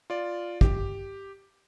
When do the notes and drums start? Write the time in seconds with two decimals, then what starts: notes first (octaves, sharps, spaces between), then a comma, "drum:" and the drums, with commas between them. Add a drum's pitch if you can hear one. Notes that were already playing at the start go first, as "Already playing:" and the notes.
0.10 F4 D5
0.61 G4, drum: kick